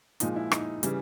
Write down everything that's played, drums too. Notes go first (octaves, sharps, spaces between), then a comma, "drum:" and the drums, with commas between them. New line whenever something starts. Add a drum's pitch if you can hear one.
A#2 F3 G#3 D#4, drum: hi-hat
E4
D#4, drum: rim click
C#3 E3 G3, drum: hi-hat